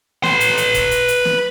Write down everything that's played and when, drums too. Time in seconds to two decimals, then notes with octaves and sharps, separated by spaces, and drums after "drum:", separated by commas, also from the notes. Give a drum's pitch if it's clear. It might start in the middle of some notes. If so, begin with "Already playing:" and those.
0.23 B4 C6, drum: snare
0.40 drum: hi-hat
0.57 drum: hi-hat
0.74 drum: kick E1, hi-hat
0.91 drum: hi-hat
1.08 drum: hi-hat
1.25 drum: snare